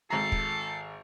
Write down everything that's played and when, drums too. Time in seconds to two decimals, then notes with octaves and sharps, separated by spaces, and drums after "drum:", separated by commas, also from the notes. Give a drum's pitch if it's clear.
0.10 G#1 A4 A#5 C7
0.32 drum: kick